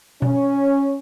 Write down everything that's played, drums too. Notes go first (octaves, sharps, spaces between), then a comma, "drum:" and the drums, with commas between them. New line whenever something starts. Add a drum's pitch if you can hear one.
C#4, drum: tom B2